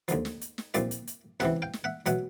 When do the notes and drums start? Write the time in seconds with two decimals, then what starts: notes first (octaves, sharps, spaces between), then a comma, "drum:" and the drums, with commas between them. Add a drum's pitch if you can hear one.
0.08 D#2 D3 F3, drum: hi-hat
0.25 drum: snare
0.41 drum: hi-hat
0.58 drum: snare
0.74 C2 A#2 F3 D5 E5, drum: hi-hat
0.91 drum: hi-hat
1.07 drum: hi-hat
1.40 C#2 C3 E3 E5 F#5, drum: snare
1.62 F5 G5
1.73 drum: snare
1.84 E5 F#5
2.06 B2 F#3 E5 F#5, drum: hi-hat